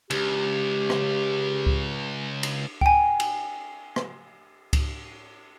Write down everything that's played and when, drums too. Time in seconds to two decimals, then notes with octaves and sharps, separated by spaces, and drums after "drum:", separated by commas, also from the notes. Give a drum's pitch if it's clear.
0.10 C#2 G4, drum: cymbal
0.90 drum: rim click
1.67 drum: kick C#2
2.43 drum: cymbal
2.81 G5 G#5, drum: kick C#2
3.20 drum: cymbal
3.96 drum: rim click
4.73 drum: kick C#2, cymbal